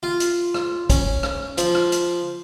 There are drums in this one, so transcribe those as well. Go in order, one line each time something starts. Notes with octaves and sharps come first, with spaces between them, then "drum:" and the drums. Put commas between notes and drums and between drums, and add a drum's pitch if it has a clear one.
F4
drum: hi-hat
drum: rim click
C#4, drum: kick, hi-hat
drum: rim click
F3, drum: hi-hat
drum: rim click
drum: hi-hat